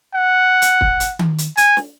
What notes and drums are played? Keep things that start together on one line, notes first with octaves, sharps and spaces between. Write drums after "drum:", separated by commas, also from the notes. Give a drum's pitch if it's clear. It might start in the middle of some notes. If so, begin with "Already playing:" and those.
F#5
drum: hi-hat
drum: kick
drum: hi-hat
drum: tom D#3
drum: hi-hat
G#5, drum: hi-hat
drum: snare